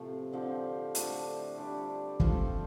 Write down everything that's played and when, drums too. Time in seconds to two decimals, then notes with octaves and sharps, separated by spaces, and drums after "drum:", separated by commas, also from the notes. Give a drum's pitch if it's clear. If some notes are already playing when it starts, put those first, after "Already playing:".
Already playing: A2 C3 F3 A3
0.33 D3 F3 C4 G4
0.95 D3 F3 A3 D4, drum: hi-hat
1.57 G3 D4 G4
2.20 F3 C4 F4 A4, drum: kick